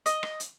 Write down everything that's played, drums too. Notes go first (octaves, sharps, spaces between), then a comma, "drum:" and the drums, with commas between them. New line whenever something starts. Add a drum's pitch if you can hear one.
D#5, drum: hi-hat
drum: rim click
drum: hi-hat